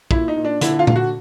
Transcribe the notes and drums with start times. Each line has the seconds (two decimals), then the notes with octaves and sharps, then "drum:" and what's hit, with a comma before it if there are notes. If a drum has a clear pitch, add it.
0.11 A#2 E4, drum: kick
0.28 D#4
0.37 A#2
0.45 D4
0.61 D3 E4, drum: hi-hat
0.79 F4
0.87 D3, drum: tom
0.96 F#4